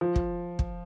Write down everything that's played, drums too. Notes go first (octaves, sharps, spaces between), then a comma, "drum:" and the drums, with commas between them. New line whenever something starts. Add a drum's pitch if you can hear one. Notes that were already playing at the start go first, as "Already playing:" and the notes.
F3
drum: kick
drum: kick